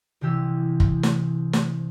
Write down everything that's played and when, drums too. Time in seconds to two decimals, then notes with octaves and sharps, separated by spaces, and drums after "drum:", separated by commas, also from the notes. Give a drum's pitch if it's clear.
0.21 C2 C3 E3 G4 E6
0.80 drum: kick F#1
1.03 drum: snare
1.53 drum: snare